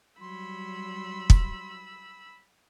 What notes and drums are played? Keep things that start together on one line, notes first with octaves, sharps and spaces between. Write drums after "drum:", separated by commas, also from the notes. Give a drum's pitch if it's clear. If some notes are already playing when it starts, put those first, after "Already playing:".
F#3 G3 B5 C6 E6
drum: kick